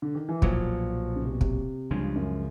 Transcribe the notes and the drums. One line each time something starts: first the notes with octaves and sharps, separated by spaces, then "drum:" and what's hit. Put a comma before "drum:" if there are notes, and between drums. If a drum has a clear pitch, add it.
D3
D#3
E3
B1 A#2 F3 F#3, drum: kick
C#3
C3
B2
C3, drum: kick
C#2 G2 C#3 F3 G#3
F#2